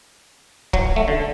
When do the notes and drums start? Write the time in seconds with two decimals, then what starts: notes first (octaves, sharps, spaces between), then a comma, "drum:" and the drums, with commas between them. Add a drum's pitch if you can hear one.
0.73 F#3, drum: kick
0.96 A3
1.08 D3